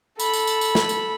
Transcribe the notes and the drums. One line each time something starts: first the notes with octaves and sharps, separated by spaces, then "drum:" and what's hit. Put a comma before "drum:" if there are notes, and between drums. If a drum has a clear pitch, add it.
A4 B5, drum: tambourine
drum: tambourine
drum: tambourine
drum: tambourine
drum: snare
drum: tambourine